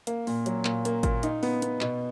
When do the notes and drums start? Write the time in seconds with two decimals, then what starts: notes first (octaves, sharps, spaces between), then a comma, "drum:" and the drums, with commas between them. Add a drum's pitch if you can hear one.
0.07 A#3, drum: hi-hat
0.27 A#2, drum: open hi-hat
0.46 F#3, drum: hi-hat
0.65 A#2, drum: clap
0.85 A#3, drum: hi-hat
1.03 A#2, drum: kick G#1, hi-hat
1.23 D#4, drum: hi-hat
1.43 B3, drum: open hi-hat
1.62 B3, drum: hi-hat
1.81 B2, drum: clap